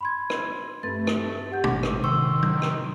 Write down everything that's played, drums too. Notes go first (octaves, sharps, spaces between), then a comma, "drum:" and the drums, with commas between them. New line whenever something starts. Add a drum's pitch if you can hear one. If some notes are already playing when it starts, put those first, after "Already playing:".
B5 C6 G#6
drum: rim click
G2 A3 C4 B4 A6
drum: rim click
G4 F#5 G6
G#1 F#5 D6, drum: tom
A2 C3, drum: rim click
D#3 C6 C#6 E6
drum: tom F#3
drum: rim click